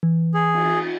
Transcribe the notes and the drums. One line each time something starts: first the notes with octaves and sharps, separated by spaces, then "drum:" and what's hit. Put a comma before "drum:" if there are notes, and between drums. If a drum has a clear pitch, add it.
E3
G#4
drum: cymbal